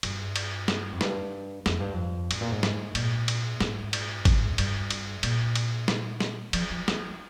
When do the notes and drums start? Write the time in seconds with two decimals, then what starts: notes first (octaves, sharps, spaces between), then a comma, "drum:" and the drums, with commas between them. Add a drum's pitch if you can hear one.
0.03 G2, drum: cymbal
0.36 drum: cymbal
0.68 drum: snare
0.92 F2
1.01 G2, drum: snare
1.66 F2, drum: snare
1.80 G2
1.93 F2
2.31 G#2, drum: cymbal
2.41 A#2
2.51 G#2
2.63 drum: snare
2.95 A#2, drum: cymbal
3.28 drum: cymbal
3.61 G#2, drum: snare
3.93 drum: cymbal
4.25 G#2, drum: kick G#1, cymbal
4.58 G2, drum: cymbal
4.91 drum: cymbal
5.23 A#2, drum: cymbal
5.55 drum: cymbal
5.88 drum: snare
6.20 drum: snare
6.53 F3, drum: cymbal
6.70 F3
6.88 F3, drum: snare